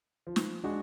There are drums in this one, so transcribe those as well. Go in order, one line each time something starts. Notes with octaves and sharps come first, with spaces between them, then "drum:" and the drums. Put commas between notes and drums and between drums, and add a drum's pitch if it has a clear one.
F3
drum: snare
G#3 D4 F#4